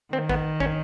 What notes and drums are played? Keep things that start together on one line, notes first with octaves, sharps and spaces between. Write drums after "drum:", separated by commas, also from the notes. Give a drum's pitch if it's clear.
D#3 C4
B3, drum: kick A1
C#4, drum: kick A1